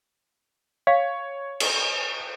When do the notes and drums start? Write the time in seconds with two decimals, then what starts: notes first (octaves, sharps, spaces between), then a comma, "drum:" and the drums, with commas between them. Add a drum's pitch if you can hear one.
0.87 C#5 F5
1.60 drum: cymbal